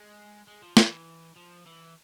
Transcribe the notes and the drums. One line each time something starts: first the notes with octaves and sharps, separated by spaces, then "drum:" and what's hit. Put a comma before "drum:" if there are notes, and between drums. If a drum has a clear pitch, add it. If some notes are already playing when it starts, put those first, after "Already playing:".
Already playing: G#3
G#3
F3
E3, drum: snare
F3
E3